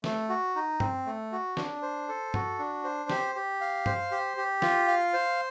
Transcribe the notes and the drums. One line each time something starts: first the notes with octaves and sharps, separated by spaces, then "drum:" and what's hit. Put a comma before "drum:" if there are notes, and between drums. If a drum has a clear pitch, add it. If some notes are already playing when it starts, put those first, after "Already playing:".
A3, drum: snare
F#4
D#4
C4, drum: tom G2
A3
F#4
D4, drum: snare
C5
A4
F#4, drum: tom G2
D4
C5
G4, drum: snare
G4
F5
C5, drum: tom G2
G4
G4
F4, drum: snare
F5
C5